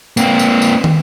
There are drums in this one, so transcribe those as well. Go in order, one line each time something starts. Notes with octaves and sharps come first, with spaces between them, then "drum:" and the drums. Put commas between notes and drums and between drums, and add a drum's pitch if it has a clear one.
A#3 C4, drum: tambourine
drum: tambourine
drum: tambourine
drum: tom